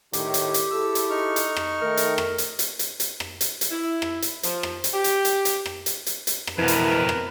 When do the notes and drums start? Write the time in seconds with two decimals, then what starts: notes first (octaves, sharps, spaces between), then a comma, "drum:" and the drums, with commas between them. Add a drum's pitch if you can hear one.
0.13 A2 D#3 G4, drum: hi-hat
0.34 drum: hi-hat
0.54 drum: hi-hat
0.71 E4 G#4 A4 E6
0.95 drum: hi-hat
1.10 D#4 C#6 F6
1.36 drum: hi-hat
1.57 drum: rim click
1.82 D#3 A3 A#4
1.97 drum: hi-hat
2.18 drum: rim click
2.38 drum: hi-hat
2.59 drum: hi-hat
2.79 drum: hi-hat
3.00 drum: hi-hat
3.20 drum: rim click
3.41 drum: hi-hat
3.61 drum: hi-hat
3.71 E4
4.02 drum: rim click
4.22 drum: hi-hat
4.43 F3, drum: hi-hat
4.63 drum: rim click
4.84 drum: hi-hat
4.94 G4
5.04 drum: hi-hat
5.25 drum: hi-hat
5.45 drum: hi-hat
5.66 drum: rim click
5.86 drum: hi-hat
6.06 drum: hi-hat
6.27 drum: hi-hat
6.47 drum: rim click
6.58 F2 B2 E3 A#4 B4
6.68 drum: hi-hat
7.09 drum: rim click